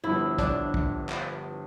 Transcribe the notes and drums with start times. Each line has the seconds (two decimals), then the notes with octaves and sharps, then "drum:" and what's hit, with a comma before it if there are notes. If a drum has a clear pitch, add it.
0.04 G1 G2 F3 E4
0.38 D4, drum: kick, hi-hat
0.74 drum: kick
1.09 drum: clap